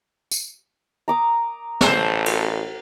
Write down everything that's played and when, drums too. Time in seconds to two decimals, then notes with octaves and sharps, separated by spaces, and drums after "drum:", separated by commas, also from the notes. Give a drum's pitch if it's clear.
0.31 drum: tambourine
1.08 A#5 D6 D#6
1.81 A1 A3 A4 C5, drum: snare
2.26 drum: cymbal